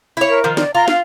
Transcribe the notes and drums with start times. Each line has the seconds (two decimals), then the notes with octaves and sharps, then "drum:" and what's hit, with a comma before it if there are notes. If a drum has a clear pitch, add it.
0.17 E4 C#5
0.29 A#4
0.44 D#3 F3
0.57 D5, drum: snare
0.75 F4 A#5
0.88 F5, drum: snare